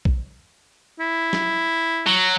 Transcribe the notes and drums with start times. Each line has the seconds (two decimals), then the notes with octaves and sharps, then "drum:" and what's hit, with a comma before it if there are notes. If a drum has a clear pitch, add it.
0.05 drum: kick
0.99 E4
1.33 drum: snare
2.07 F#3